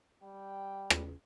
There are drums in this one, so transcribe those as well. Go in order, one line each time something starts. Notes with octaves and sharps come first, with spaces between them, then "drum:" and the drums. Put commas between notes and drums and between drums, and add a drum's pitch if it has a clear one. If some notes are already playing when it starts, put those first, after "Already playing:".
G3 G5
drum: rim click